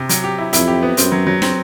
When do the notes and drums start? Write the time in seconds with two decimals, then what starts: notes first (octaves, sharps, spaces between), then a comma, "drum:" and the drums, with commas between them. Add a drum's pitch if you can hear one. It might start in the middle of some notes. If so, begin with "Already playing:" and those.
Already playing: C3
0.09 F#3, drum: hi-hat
0.24 G4
0.38 E4
0.53 F2 E4, drum: hi-hat
0.68 G4
0.83 B3
0.97 F#2 C4, drum: hi-hat
1.12 F#3
1.27 F#3
1.42 C4, drum: snare